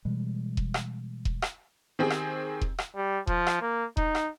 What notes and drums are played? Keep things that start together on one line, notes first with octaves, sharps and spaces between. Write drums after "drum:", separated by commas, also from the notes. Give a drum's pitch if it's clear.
B2 E3 G3 G#3
drum: kick E1
drum: rim click
drum: kick E1
drum: rim click
D#3 C4 G4 G#4
drum: rim click
drum: kick E1
drum: rim click
G3
F3, drum: kick E1
drum: rim click
A#3
D#4, drum: kick E1
drum: rim click